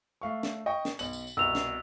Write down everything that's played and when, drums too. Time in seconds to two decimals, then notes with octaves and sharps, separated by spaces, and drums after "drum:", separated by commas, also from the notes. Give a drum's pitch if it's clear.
0.21 A3 F5 C#6
0.43 drum: snare
0.66 D#5 G5 C#6
0.85 drum: snare
0.99 B1 F#7, drum: tambourine
1.13 drum: tambourine
1.27 drum: tambourine
1.37 C2 B2 E6 F7
1.55 drum: snare